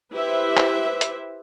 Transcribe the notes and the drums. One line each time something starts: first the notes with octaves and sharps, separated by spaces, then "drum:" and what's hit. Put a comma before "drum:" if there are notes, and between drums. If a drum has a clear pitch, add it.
E4 G4 B4 C5 E5
drum: clap
drum: hi-hat